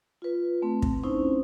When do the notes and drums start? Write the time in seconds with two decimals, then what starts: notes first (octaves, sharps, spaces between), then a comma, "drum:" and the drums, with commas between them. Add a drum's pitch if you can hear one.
0.22 F4 B4
0.62 A3 C4
0.82 drum: kick
1.03 C4 C#4 D#4 E4 C5